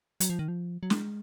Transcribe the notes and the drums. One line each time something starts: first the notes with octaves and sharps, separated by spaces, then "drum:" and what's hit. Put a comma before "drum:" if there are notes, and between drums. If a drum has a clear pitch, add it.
F#3, drum: hi-hat
F3
D#3
F3
F#3
G#3, drum: snare